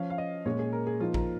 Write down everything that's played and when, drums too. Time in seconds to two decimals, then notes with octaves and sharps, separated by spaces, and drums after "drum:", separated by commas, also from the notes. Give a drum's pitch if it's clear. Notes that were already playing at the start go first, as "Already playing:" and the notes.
Already playing: F3 C#4 F5
0.10 F5
0.18 D#5
0.45 A#2 G#3 C#4 C#5
0.59 G#4
0.73 A#4
0.87 G#4
1.00 F3 A#3 D#4 F4
1.14 A#4, drum: kick A1